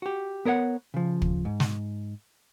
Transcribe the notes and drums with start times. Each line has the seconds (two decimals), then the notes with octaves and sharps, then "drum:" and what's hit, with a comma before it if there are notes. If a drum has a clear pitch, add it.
0.02 F#4 G4
0.45 B3 A#4 C#5 D#5 F#5
0.94 C#3 F3
1.22 drum: kick
1.45 G#2
1.60 drum: snare